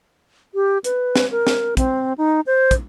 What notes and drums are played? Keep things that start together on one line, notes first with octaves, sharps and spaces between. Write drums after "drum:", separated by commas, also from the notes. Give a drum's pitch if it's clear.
G4
B4, drum: hi-hat
drum: snare
A#4
drum: snare
C4, drum: kick, hi-hat
D#4
C5
drum: kick, hi-hat